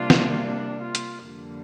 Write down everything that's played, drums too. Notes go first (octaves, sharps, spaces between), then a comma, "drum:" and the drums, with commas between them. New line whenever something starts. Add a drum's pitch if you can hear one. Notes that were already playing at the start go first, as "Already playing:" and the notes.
Already playing: C3 G3 A#3 D4 F4
drum: snare
D4
F4
drum: hi-hat
F2 D3 G3 A#3